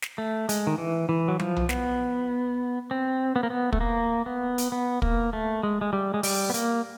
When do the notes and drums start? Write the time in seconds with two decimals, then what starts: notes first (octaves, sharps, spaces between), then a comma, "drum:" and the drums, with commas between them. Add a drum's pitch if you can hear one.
0.02 drum: snare
0.18 A3
0.49 G#3, drum: hi-hat
0.67 D#3
0.78 E3
1.09 E3
1.28 F#3
1.40 F3, drum: tom
1.56 drum: tom B1
1.69 B3, drum: snare
2.91 C4
3.36 B3
3.43 A#3
3.50 B3
3.73 A3, drum: kick
3.81 A#3
4.26 B3
4.58 drum: hi-hat
4.72 B3
5.02 A#3, drum: kick
5.33 A3
5.63 G#3
5.81 G#3
5.93 G3
6.14 G#3
6.23 G3, drum: open hi-hat
6.50 B3
6.54 A#3, drum: hi-hat